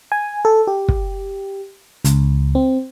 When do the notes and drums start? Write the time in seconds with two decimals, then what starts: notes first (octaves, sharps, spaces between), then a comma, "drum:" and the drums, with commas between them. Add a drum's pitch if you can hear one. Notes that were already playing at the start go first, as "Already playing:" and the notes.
0.12 G#5
0.45 A4
0.67 G4
0.88 drum: kick
2.05 C#2, drum: hi-hat
2.55 C4